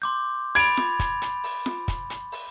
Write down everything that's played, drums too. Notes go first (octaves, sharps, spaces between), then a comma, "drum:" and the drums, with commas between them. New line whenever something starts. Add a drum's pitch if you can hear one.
C6 D6 G6
B5 G#6 A6 D7 F7, drum: open hi-hat
drum: snare
drum: kick, hi-hat
drum: hi-hat
drum: open hi-hat
drum: snare
drum: kick, hi-hat
drum: hi-hat
drum: open hi-hat